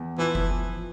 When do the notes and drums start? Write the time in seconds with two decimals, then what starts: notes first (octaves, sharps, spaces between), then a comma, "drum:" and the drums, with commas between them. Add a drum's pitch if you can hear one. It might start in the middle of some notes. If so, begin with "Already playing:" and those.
Already playing: E2
0.18 E3 F3
0.35 drum: kick F1